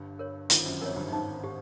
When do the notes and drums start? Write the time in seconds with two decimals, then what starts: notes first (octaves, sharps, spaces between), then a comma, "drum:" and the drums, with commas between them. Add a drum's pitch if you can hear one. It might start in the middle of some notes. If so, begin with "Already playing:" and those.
Already playing: G1 G2
0.19 A#4 C#5
0.50 G#1 G#2 F4, drum: hi-hat
0.65 F#2
0.81 F2 A#4 C#5
0.96 G1 G2
1.12 G#1 G#2 D#4
1.44 G4